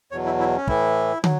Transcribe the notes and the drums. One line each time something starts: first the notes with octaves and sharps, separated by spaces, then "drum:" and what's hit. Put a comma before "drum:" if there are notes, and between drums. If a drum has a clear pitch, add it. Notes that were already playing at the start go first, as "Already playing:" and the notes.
E2 B2 F#3 C#5
E4
E4
C#4
A2 E3 E4, drum: kick
F#3, drum: tom